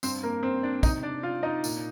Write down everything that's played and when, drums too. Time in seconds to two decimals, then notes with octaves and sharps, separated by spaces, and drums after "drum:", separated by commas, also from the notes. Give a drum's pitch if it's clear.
0.03 G2 C4 C5, drum: tambourine
0.23 A#3 A#4
0.43 C4 C5
0.63 D4 D5
0.83 C3 D#4 D#5, drum: kick, tambourine
1.03 D4 D5
1.23 D4 F4 F5
1.43 D#4 D#5
1.64 A#2, drum: tambourine